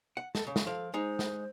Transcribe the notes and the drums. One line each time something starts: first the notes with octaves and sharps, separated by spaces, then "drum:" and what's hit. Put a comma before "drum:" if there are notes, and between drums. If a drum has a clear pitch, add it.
F#5
A4, drum: snare
C#3
drum: snare
F3 A4 F5
G#3 D#4 C5
drum: snare